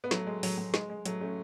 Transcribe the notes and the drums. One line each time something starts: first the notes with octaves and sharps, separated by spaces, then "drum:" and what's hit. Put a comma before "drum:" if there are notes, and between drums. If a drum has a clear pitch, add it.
B3
F#3 A3, drum: snare
G#3
F#3, drum: open hi-hat
F#3
G#3, drum: snare
G#3
F#3 A3, drum: hi-hat
A3 C#4